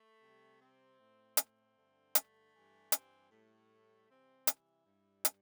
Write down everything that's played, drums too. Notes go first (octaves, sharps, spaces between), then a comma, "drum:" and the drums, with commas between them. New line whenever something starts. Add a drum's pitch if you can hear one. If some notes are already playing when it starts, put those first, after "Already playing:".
Already playing: A3
C3 G3
C4
A2 A3
C4, drum: hi-hat
G2 D3 A3
A3, drum: hi-hat
G2 E3 G3
C4, drum: hi-hat
A2 G3 A3
C3 E3 G3 C4
E4, drum: hi-hat
G2 G3
drum: hi-hat